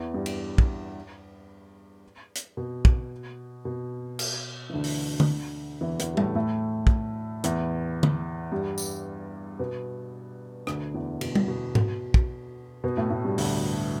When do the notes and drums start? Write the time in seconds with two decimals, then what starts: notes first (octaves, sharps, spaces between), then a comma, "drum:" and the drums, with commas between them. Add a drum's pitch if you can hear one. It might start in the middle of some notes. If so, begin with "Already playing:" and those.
Already playing: E2 E3
0.14 G2 G3
0.26 drum: cymbal
0.58 drum: kick
2.35 drum: hi-hat
2.57 B2
2.85 drum: kick
3.65 B2
4.19 drum: cymbal
4.70 E3
4.74 D2 D3
4.84 drum: open hi-hat
5.20 drum: tom D3
5.81 E2 E3
5.99 E2 E3, drum: hi-hat
6.14 G3
6.17 A2 A3, drum: tom G3
6.35 A2 A3
6.87 drum: kick
7.44 E2 E3, drum: hi-hat
8.03 drum: tom D3
8.52 G2 G3
8.78 drum: tambourine
9.59 B2 B3
10.67 D2 D3, drum: rim click
10.94 E2 E3
11.21 B2, drum: cymbal
11.35 drum: tom G3
11.48 B2
11.75 B2, drum: tom G#2
12.14 drum: kick
12.84 B2 B3
12.97 A2 A3
13.10 A2 A3
13.24 G2 G3
13.38 D2 D3, drum: open hi-hat